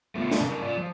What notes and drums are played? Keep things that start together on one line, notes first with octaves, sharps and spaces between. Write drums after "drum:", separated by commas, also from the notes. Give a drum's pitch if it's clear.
A3 B3 F4
drum: snare
C#3 C#4 A#4
F4 D5
F3